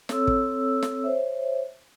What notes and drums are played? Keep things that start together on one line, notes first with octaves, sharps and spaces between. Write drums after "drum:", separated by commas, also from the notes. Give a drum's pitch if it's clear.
C4 A4 C#5 E6, drum: snare
drum: kick
drum: snare
C5 C#5 E5